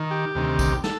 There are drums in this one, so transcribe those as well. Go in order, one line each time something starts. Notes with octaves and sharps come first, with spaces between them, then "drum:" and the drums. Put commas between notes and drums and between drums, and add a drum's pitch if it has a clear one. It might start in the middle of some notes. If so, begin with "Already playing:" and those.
Already playing: D#3
G4
D2 C3 D#3
drum: kick A#1, tambourine
A4, drum: snare